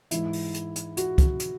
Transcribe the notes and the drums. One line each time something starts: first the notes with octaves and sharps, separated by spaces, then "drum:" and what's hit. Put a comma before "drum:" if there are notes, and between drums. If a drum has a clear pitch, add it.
G#2 E3 E4, drum: hi-hat
drum: open hi-hat
drum: hi-hat
drum: hi-hat
F#4, drum: hi-hat
drum: kick, hi-hat
drum: hi-hat